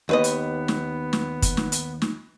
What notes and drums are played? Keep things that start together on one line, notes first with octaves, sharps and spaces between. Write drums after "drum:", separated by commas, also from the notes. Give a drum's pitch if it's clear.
D#2 B3 B4 D#5
drum: hi-hat
drum: snare
drum: snare
drum: kick, hi-hat
drum: snare
drum: hi-hat
drum: snare